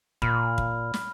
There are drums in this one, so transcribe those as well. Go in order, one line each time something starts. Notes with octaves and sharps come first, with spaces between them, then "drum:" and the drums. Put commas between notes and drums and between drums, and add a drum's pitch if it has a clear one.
A#2 B5 F6, drum: kick
drum: kick
drum: snare